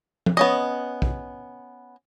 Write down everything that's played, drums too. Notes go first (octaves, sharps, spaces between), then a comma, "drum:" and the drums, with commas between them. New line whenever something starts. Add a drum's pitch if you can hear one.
drum: tom
B3 C#4 D#5
drum: kick